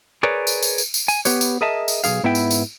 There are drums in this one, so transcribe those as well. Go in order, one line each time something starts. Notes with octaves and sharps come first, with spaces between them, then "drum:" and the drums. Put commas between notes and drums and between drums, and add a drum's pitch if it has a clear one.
G#4 A#4 B4 C#5 D5
drum: tambourine
drum: tambourine
drum: tambourine
drum: tambourine
G#5, drum: tambourine
B3 G4 B4 C#5, drum: tambourine
drum: tambourine
G#4 A#4 D#5 E5 A5
drum: tambourine
B1 B2 G#4 F5, drum: tambourine
G#2 B3 E4 E5 G5
drum: tambourine
drum: tambourine